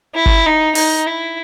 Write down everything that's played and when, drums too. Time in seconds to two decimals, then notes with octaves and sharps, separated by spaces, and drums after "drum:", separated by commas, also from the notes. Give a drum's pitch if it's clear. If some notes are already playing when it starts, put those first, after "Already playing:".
0.15 E4
0.26 drum: kick
0.46 D#4
0.75 D#4, drum: open hi-hat
1.06 E4